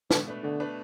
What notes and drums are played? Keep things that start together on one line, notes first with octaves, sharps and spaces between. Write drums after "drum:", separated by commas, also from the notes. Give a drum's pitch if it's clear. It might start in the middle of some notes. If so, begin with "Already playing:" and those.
B2 D3, drum: snare
A3 D4 B4
B2 D3
A3 D4 B4